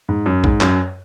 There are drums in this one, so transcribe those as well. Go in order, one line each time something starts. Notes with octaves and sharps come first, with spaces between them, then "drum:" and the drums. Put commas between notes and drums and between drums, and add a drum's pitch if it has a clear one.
G#2
F#2
G#2, drum: kick A#1
F#2, drum: clap